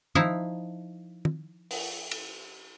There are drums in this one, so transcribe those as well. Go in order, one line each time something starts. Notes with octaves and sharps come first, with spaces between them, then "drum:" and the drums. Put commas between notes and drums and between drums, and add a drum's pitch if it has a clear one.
F3 D#4 E4, drum: tom
drum: tom
drum: open hi-hat
drum: cymbal